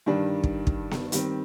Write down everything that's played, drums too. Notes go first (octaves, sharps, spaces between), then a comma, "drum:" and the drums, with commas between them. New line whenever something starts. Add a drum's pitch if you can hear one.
G2 D#3 G3 D4
drum: kick
drum: kick
drum: snare B3
D#3 G3 C4, drum: hi-hat